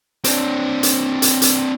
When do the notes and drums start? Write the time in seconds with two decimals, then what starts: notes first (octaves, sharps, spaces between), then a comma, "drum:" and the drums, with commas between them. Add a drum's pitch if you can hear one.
0.24 C4 D4, drum: hi-hat
0.83 drum: hi-hat
1.22 drum: hi-hat
1.42 drum: hi-hat